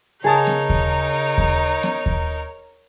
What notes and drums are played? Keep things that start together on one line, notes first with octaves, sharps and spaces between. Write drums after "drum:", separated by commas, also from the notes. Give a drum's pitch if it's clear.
C#3 D#4 G#4 A#4 C#5 A5 D#6
drum: snare B3
drum: kick D#2
drum: kick D#2
drum: snare B3
drum: kick D#2